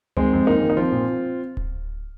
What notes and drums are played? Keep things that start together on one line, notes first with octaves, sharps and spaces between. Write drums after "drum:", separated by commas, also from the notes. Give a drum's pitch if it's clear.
D#3 G#3 C4, drum: tom C#2
F2
F2 A#3 D#4
D#3
D#4
F3 C4 F4
A#2
drum: kick D1